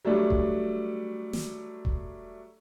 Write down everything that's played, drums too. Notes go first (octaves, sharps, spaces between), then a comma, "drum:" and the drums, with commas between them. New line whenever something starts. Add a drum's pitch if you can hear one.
F#3 G3 A3 D4
drum: kick E1
drum: snare
drum: kick E1